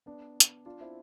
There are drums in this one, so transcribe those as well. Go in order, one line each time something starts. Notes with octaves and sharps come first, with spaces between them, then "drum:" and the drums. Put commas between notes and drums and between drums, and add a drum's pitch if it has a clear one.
B3 D4
drum: hi-hat
D4 F4
C4 E4